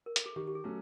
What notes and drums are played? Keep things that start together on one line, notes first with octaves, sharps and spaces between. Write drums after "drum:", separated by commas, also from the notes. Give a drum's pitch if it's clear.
A#4
A4, drum: hi-hat
G#4
D#3 G4
G4
G#4
F#3 A3 C#4